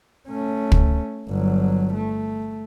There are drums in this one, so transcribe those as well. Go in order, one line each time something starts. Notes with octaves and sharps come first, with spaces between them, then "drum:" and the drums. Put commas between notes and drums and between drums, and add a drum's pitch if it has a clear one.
A3 C#4
drum: kick
G1 F#3
A3